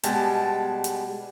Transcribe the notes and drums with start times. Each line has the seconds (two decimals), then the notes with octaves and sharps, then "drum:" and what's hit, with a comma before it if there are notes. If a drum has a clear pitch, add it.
0.03 B2 G3 G#3 G5 A5, drum: hi-hat
0.84 drum: hi-hat